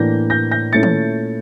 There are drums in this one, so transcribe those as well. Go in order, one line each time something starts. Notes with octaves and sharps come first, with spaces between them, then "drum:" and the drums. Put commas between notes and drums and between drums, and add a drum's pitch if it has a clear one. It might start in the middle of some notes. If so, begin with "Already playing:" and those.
Already playing: A2 E3 A#3 D4 G6 A#6
G6 A#6
G6 A#6
A#2 A3 C#4 E4 A6 C#7
drum: tom